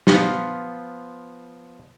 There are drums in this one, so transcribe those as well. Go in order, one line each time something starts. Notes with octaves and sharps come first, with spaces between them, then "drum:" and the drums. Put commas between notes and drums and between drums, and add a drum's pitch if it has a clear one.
F3 B3 F4, drum: snare